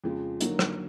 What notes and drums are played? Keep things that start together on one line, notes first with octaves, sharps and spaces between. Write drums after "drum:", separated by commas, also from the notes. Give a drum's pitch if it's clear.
F2 C#3 F3 G#3
D3 F#3 A#3 D#4 F#4, drum: hi-hat
drum: rim click